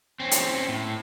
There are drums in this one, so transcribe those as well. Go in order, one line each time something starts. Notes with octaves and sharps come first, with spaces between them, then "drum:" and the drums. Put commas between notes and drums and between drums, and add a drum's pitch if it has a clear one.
C4 C#4
drum: hi-hat
A2